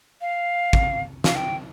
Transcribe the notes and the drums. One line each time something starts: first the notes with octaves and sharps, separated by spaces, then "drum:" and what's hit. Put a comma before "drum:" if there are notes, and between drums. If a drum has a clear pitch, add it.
F5
drum: kick
F5, drum: snare
G5